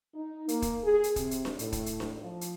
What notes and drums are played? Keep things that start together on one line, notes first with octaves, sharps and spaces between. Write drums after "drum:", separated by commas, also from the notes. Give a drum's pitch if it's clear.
D#4
A#3, drum: hi-hat
drum: kick, hi-hat
G#4
drum: hi-hat
C3, drum: kick, hi-hat
drum: hi-hat
drum: snare D4
A2, drum: hi-hat
drum: kick, hi-hat
drum: hi-hat
drum: snare D4
F3
drum: hi-hat